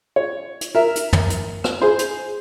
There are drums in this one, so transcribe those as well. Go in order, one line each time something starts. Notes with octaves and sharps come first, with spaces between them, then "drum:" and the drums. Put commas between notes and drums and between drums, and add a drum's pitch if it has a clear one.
C#5
drum: hi-hat
A#4 E5
drum: hi-hat
drum: tom
drum: hi-hat
drum: rim click
G#4 C5
drum: hi-hat